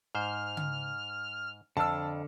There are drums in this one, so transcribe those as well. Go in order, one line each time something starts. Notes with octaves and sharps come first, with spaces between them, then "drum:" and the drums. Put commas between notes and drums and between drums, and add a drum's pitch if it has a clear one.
G#2 C5 F6
drum: tom C#3
F2 D3 A5 E6 F6